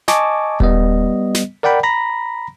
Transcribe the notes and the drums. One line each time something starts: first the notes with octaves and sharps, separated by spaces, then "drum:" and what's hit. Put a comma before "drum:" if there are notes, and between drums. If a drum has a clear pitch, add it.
D#5 G#5 A5 C#6 D6, drum: snare
G3 B3 D#5, drum: kick D#1
drum: snare
A#4 D5 F#5 G5 B5
A#5 B5 A#6